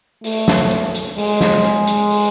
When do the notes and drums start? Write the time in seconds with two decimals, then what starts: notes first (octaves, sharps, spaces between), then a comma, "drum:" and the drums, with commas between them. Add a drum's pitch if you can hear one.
0.24 A3, drum: open hi-hat
0.48 drum: snare
0.71 drum: hi-hat
0.94 drum: hi-hat
1.18 G#3, drum: open hi-hat
1.41 drum: snare
1.64 drum: hi-hat
1.87 drum: hi-hat
2.10 drum: open hi-hat